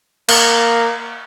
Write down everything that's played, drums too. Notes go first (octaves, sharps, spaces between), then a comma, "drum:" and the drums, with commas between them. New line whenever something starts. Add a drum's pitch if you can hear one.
A#3, drum: cymbal